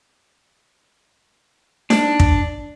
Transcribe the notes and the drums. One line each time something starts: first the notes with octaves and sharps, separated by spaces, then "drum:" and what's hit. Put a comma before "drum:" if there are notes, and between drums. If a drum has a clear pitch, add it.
D4, drum: snare D#4
drum: kick